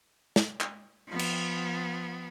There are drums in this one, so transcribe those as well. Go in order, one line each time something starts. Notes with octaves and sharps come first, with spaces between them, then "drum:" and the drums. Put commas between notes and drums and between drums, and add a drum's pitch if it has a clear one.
drum: snare
drum: clap
F3 B3
drum: cymbal